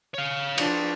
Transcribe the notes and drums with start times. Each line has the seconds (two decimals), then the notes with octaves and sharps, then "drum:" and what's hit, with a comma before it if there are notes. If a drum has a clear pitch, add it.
0.14 C#5 F5
0.58 F3 D4, drum: cymbal